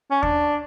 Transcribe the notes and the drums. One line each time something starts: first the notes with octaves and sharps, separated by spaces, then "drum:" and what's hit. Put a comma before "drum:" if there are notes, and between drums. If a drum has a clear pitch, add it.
C#4
D4, drum: kick D#2